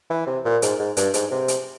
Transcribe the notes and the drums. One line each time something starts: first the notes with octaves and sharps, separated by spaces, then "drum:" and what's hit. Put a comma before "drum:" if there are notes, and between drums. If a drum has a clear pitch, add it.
E3
C3
A#2
G#2, drum: hi-hat
G#2
G2, drum: hi-hat
G#2, drum: hi-hat
C3
drum: hi-hat